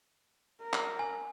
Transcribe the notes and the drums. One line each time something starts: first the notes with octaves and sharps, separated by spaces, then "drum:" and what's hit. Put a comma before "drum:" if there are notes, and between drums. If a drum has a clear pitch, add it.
A#4
drum: clap
G#5